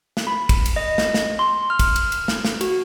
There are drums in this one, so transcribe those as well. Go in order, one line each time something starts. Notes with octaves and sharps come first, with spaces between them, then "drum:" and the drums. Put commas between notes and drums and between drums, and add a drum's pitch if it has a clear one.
drum: snare
B5
drum: kick, cymbal
drum: cymbal
D#5
drum: snare
drum: snare
C6
F6
drum: kick, cymbal
drum: cymbal
drum: cymbal
drum: snare
drum: snare
F#4, drum: cymbal